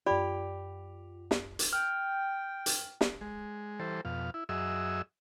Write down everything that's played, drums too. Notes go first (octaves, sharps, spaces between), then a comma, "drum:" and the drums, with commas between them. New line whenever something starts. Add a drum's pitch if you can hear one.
F#2 F4 G4 D5 B5
drum: snare
drum: hi-hat
G5 F6
drum: hi-hat
drum: snare
G#3
E3 G3 A4 C5
F2 B2 F5
E4
F#2 F#3 G#4 D#5 E5 E6